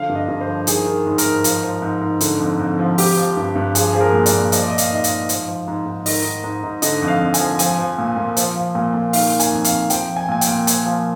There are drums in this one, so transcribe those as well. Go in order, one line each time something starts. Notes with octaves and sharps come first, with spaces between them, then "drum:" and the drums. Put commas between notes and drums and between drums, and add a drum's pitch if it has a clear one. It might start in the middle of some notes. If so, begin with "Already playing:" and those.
Already playing: D3 F3 F5
G2
D#5
G2
C5
F3
D#3 G#4, drum: hi-hat
D#3
G#2
A#4, drum: hi-hat
G#2
F3, drum: hi-hat
F3
G#2
G#2
D3, drum: hi-hat
F2
F2
F3
F3 G4, drum: open hi-hat
F3
G2
G2
F3 G#4, drum: hi-hat
F3 G#4
A#4
A#2
D5, drum: hi-hat
A#2
F3 D#5, drum: hi-hat
D5
F3 D#5
F5, drum: hi-hat
G#2 D#5
F5, drum: hi-hat
G#2
F3, drum: hi-hat
F3
G#2
G#2
D#3 D#5, drum: open hi-hat
D#3
G#2
G#2
D3 D#5, drum: hi-hat
F2
F5
F2
G#5, drum: hi-hat
F3
F3 G#5, drum: hi-hat
F3
A#2
A#2
F3, drum: hi-hat
F3
A#2
A#2
D#3 F5, drum: open hi-hat
D#3
G#5, drum: hi-hat
F2
F5, drum: hi-hat
F2
F3 G5, drum: hi-hat
F3
G#5
A#2 G#5
G5, drum: hi-hat
A#2
F3 G#5, drum: hi-hat
F3